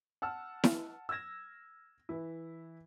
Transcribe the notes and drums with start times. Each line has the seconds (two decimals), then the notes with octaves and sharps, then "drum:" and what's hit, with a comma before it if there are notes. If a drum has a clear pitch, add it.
0.22 F#5 A5 E6 F6
0.64 drum: snare E4
1.09 E6 F6 G#6 A#6 E7
2.09 E3 E4